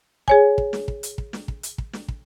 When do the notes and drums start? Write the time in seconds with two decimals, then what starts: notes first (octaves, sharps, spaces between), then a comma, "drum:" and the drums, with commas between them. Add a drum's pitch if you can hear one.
0.28 G#4 C#5 G#5, drum: kick
0.58 drum: kick
0.73 drum: snare
0.88 drum: kick
1.03 drum: hi-hat
1.18 drum: kick
1.33 drum: snare
1.48 drum: kick
1.63 drum: hi-hat
1.78 drum: kick
1.93 drum: snare
2.08 drum: kick